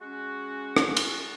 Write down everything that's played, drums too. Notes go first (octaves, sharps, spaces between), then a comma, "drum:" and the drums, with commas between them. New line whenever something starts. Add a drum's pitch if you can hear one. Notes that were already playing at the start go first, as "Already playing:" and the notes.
G#3 C#4 F#4
drum: rim click
drum: cymbal